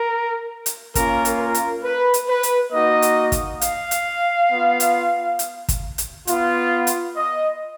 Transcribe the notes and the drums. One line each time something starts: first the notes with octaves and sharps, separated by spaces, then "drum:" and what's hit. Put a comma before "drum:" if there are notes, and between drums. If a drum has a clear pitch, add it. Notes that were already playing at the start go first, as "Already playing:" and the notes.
Already playing: A#4
drum: hi-hat
A#3 C#4 F4 A#4, drum: kick, hi-hat
drum: hi-hat
A#4
drum: hi-hat
B4
drum: hi-hat
B4
drum: hi-hat
A#3 D#4 F#4 D#5
drum: hi-hat
drum: kick, hi-hat
F5, drum: hi-hat
drum: hi-hat
B3 F4
drum: hi-hat
drum: hi-hat
drum: kick, hi-hat
drum: hi-hat
B3 F4, drum: hi-hat
drum: hi-hat
D#5